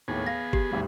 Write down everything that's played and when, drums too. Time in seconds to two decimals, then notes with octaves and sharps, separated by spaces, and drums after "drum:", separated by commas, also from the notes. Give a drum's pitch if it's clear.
0.08 D#2 A2 B3 G#4
0.27 F5 A#6
0.53 G4, drum: kick
0.71 G#1 D2 G3